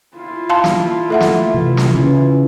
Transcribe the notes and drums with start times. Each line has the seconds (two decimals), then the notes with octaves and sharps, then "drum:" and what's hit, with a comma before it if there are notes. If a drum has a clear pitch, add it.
0.17 E4 F4
0.50 F5 A5 C6
0.64 drum: snare
1.10 A3 A4 E5 F#5
1.20 drum: snare
1.54 C3 E3
1.77 drum: snare
1.95 C#3 E3 C#4